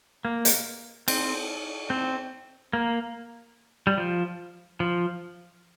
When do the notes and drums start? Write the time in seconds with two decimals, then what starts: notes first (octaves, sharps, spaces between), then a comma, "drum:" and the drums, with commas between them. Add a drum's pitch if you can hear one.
0.25 A#3
0.45 drum: hi-hat
1.08 C4, drum: cymbal
1.90 C4
2.73 A#3
3.87 G3
3.98 F3
4.80 F3